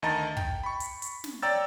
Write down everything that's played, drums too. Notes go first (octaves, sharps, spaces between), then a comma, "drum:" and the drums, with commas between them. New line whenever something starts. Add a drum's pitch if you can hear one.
D2 D#3 D#5 A5 A#5 A6
G5, drum: kick
B5 C#6
drum: hi-hat
drum: hi-hat
drum: snare
C#5 D5 G5 A#5 E6 A6